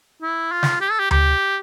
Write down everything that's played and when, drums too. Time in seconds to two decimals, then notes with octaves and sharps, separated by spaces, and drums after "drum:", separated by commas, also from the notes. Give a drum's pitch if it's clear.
0.22 E4
0.52 F4
0.63 drum: snare
0.81 G4
0.91 A4
0.99 G4
1.11 G4, drum: tom D2